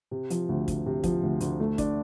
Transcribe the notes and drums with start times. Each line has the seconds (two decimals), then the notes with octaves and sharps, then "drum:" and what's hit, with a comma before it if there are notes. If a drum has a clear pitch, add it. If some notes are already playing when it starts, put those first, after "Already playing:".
0.11 C3
0.30 F3, drum: hi-hat
0.49 D2
0.68 D2, drum: kick, hi-hat
0.86 C3
1.04 F3, drum: kick, hi-hat
1.23 D2
1.40 D2, drum: hi-hat
1.60 A3
1.78 D4, drum: kick, hi-hat